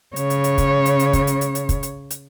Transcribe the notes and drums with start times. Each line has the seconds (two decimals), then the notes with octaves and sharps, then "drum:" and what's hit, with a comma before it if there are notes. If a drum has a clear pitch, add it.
0.16 C#3 C#5, drum: hi-hat
0.30 drum: hi-hat
0.44 drum: hi-hat
0.58 drum: kick, hi-hat
0.86 drum: hi-hat
0.99 drum: hi-hat
1.13 drum: kick, hi-hat
1.27 drum: hi-hat
1.41 drum: hi-hat
1.55 drum: hi-hat
1.69 drum: kick, hi-hat
1.83 drum: hi-hat
2.10 drum: hi-hat